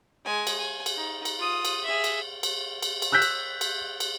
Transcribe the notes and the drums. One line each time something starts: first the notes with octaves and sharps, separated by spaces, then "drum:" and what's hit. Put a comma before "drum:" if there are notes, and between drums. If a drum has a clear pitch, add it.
G#3 G#5
drum: cymbal
G#5
drum: cymbal
D#4
drum: cymbal
F4 D#6
drum: cymbal
G#4 E5
drum: cymbal
drum: cymbal
drum: cymbal
drum: cymbal
E6 F#6 G6 B6
drum: cymbal
drum: cymbal
drum: cymbal